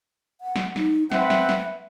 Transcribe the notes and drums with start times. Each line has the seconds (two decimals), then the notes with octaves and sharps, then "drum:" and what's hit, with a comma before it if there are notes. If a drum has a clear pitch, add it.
0.41 F#5
0.56 drum: snare
0.76 D#4, drum: snare
1.12 C4 B4 E5 F#5, drum: snare
1.30 drum: snare
1.49 drum: snare